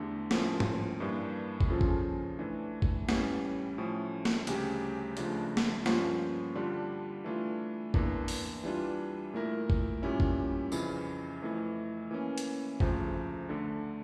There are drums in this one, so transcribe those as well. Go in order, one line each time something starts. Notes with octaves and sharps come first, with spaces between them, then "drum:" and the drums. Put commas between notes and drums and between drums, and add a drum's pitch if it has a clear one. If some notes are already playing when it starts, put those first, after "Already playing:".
Already playing: E2 D3 A3 D4 G4
A2 F3 A#3 C#4, drum: snare
drum: tom
G2 E3 A#3 D4
drum: kick
C#3 F3 C#4 F4 A4
drum: kick
E3 A3 D4
drum: kick
A2 E3 G3 C#4, drum: snare
A2 F3 A3 C#4
drum: snare
D2 C#3 G3 C#4 G4, drum: hi-hat
C#2 C#3 F3 A3 D4, drum: hi-hat
drum: snare
G2 F3 A#3 C#4 F4, drum: snare
D3 G3 D4 F4
E3 A3 D4 F4
E2 E3 A#3 D4, drum: kick
drum: open hi-hat
E3 G3 D4 F4
A#2 A3 E4 A#4
drum: kick
A#2 G3 C#4 E4
drum: kick
F2 C#3 E3, drum: tambourine
F2 E3 A3 E4
E3 A#3 C#4
drum: hi-hat
D2 C#3 F3 A3, drum: kick
D3 A3 D4 A4